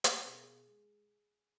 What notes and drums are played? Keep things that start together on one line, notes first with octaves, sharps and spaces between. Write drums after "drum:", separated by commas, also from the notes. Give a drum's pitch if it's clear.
drum: hi-hat
B2 G#4
A#4
G#4
G#3